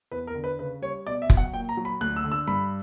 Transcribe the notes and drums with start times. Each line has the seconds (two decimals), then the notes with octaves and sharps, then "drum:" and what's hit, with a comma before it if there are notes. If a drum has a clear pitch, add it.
0.11 E2 B4
0.27 A#4
0.35 D3
0.44 B4
0.59 C#3 B4
0.82 G3 C#5
1.07 B2 D5
1.22 E5
1.30 F#3, drum: kick F1
1.37 F#5
1.53 A#2 G5
1.69 A#5
1.77 F#3
1.85 B5
2.01 D2 F#6
2.16 E6
2.24 D3
2.32 E6
2.48 G2 B5